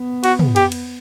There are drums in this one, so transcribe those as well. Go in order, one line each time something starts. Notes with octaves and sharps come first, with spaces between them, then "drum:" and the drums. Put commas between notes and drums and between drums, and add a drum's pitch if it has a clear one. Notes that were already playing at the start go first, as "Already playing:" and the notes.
Already playing: B3
F#4, drum: cymbal
drum: tom
G4, drum: cymbal
drum: cymbal